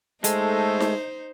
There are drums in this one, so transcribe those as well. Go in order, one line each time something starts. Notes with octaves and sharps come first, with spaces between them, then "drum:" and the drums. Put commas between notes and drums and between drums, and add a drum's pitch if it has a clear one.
G#3 A3 D#4 A4 C5, drum: hi-hat
drum: snare D#4